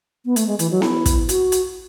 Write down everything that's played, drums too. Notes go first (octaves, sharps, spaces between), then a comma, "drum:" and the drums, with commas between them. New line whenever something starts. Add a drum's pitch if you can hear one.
B3
A3, drum: hi-hat
G#3
E3, drum: hi-hat
F#3
E4, drum: snare B3
drum: kick, hi-hat
F#4, drum: hi-hat
drum: hi-hat